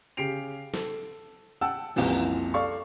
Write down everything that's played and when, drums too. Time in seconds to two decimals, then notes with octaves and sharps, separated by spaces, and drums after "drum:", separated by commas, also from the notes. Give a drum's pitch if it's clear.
0.17 C#3 G4 C7 D7 F7
0.73 A4, drum: snare
1.61 F#5 G5 A5 E6
1.96 F#1 C2 C3 E3 F3, drum: open hi-hat
2.54 A4 D5 F5 C#6